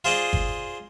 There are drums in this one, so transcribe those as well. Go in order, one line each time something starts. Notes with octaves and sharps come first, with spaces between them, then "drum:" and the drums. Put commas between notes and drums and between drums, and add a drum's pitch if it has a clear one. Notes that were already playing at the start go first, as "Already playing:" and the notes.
F4 G#4 C5 D5 D#5
drum: kick G1